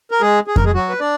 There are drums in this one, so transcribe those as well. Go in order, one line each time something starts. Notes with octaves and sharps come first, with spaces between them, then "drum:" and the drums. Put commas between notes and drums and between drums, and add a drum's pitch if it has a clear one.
A#4
G#3 G#4
G#4
A#4, drum: kick F2
G#3 G#4
F#3 F#4
B4
D4 D5